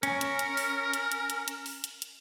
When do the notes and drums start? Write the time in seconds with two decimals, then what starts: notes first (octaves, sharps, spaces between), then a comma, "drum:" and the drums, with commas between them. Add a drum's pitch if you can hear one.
0.03 C#4 A#4, drum: hi-hat
0.21 drum: hi-hat
0.39 drum: hi-hat
0.57 drum: open hi-hat
0.93 drum: hi-hat
1.12 drum: hi-hat
1.30 drum: hi-hat
1.48 drum: hi-hat
1.66 drum: open hi-hat
1.84 drum: hi-hat
2.02 drum: hi-hat